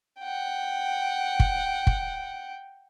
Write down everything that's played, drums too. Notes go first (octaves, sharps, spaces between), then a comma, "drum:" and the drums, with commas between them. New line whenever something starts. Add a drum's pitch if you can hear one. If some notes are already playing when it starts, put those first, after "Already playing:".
F#5 G5
drum: kick
drum: kick